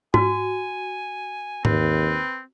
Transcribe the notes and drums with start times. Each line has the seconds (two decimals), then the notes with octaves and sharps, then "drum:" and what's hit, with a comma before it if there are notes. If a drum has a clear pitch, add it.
0.14 F#4 G#5, drum: tom G#2
1.65 D#2 C4 B4, drum: tom G#2